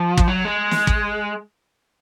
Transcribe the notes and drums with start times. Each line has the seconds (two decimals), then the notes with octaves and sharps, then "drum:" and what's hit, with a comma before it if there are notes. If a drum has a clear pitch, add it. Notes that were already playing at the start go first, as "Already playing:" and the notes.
Already playing: F3
0.17 drum: kick
0.28 F#3
0.45 G#3
0.71 drum: snare
0.87 drum: kick